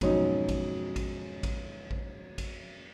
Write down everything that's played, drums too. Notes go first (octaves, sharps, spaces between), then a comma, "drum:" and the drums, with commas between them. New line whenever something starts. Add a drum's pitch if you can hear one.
F2 G#2 B2 F#3 C#4 D#4, drum: kick A1, cymbal
drum: kick A1, cymbal
drum: kick A1, cymbal
drum: kick A1, cymbal
drum: kick A1
drum: kick A1, cymbal